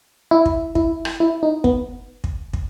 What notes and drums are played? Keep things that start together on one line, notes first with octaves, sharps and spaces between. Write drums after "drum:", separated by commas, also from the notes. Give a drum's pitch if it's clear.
E4
drum: kick
E4, drum: kick
drum: rim click
E4
D#4
B3, drum: kick
drum: kick
drum: kick